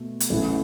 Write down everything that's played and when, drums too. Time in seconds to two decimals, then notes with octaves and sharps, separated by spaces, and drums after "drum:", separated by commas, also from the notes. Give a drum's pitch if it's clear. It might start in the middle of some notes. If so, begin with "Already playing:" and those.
Already playing: B2 A3
0.20 drum: hi-hat
0.30 A1 A2 E3 A3 E4